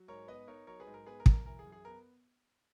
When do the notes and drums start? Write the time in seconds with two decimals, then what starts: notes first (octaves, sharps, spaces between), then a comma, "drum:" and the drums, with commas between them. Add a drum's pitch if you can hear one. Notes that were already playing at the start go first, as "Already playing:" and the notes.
Already playing: F#3
0.08 G#2 A#4 C#5
0.27 B3 B4 D#5
0.47 D#4 A#4 C#5
0.67 F#3 A#4 C#5
0.80 G#4 B4
0.87 G#2
0.94 A#4
1.06 B3 G#4 B4
1.20 A#4
1.26 F#2, drum: kick
1.33 A#4
1.46 E3 A#4
1.59 G#4
1.65 F#2
1.72 G#4
1.85 B3 A#4